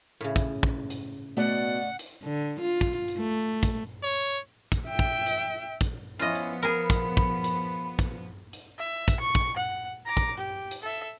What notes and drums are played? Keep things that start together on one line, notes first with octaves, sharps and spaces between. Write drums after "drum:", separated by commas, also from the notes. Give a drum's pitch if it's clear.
A2 C#3
drum: kick, hi-hat
drum: kick
drum: hi-hat
B2 A3 D5 D#5 F#5
drum: hi-hat
D3
F4
drum: kick
drum: hi-hat
A3
drum: kick, hi-hat
C#5
drum: kick, hi-hat
E5 G5
drum: kick
drum: hi-hat
drum: kick, hi-hat
F3 B3 C#4 E4 F4 D#5
drum: hi-hat
G#4 A#4 B5
drum: kick, hi-hat
drum: kick
drum: hi-hat
drum: kick, hi-hat
drum: hi-hat
E5
drum: kick, hi-hat
C#6
drum: kick
F#5
A#5 D6
drum: kick, hi-hat
G4
drum: hi-hat
A4 E5